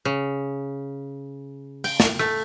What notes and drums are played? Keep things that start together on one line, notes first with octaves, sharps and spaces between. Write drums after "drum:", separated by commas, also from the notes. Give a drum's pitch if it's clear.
C#3
G5, drum: open hi-hat
drum: snare
A3, drum: rim click